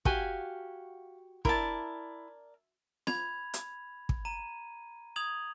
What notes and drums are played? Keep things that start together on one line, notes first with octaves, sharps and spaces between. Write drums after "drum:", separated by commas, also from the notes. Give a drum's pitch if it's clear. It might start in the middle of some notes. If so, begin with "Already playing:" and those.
F#4 G4 F5 G#5, drum: kick
E4 A#4 D5 A5, drum: kick
B5 G#6 F7, drum: snare
drum: hi-hat
drum: kick
A#5 D#7
D#6 G#6 F7 F#7